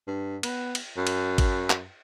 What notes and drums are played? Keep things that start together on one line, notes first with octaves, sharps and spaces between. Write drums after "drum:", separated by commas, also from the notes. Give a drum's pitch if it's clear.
G2
B3, drum: cymbal
drum: cymbal
F#2
drum: cymbal
drum: kick G#1, cymbal
drum: clap